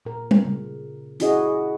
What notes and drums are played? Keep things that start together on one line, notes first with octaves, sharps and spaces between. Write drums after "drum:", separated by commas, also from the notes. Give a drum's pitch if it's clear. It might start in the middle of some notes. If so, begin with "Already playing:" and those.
A#2 A#4
drum: tom G3
C#3
C#4 E4 F#4 G#4 D#5, drum: hi-hat